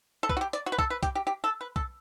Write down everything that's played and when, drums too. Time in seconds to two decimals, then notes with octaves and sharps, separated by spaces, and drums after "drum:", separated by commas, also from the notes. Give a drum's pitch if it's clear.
0.23 A4
0.29 B4, drum: kick
0.37 F#4
0.41 G4
0.53 D5, drum: hi-hat
0.66 F#4
0.72 B4
0.78 A4, drum: kick
0.90 B4
1.03 G4, drum: kick, hi-hat
1.15 G4
1.27 G4
1.44 A4
1.61 B4
1.76 A4, drum: kick